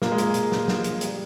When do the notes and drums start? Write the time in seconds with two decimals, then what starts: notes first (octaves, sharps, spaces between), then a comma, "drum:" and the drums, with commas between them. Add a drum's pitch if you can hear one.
0.02 A#2 A#3, drum: snare
0.12 G#3
0.18 A#2 A#3, drum: hi-hat
0.34 A#2, drum: hi-hat
0.52 A#2, drum: snare
0.68 F3, drum: snare
0.84 F3, drum: hi-hat
1.01 G3, drum: hi-hat